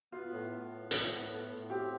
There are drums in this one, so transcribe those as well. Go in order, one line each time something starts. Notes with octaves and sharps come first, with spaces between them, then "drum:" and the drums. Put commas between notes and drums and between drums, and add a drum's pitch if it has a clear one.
B3 F4
A2
A2
B3
A2, drum: hi-hat
B3
A2
A2
C4 G4